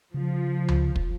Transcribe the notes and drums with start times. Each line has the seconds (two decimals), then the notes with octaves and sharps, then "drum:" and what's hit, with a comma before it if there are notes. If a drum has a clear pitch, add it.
0.14 C#3 F3
0.68 drum: tom C#2
0.96 drum: kick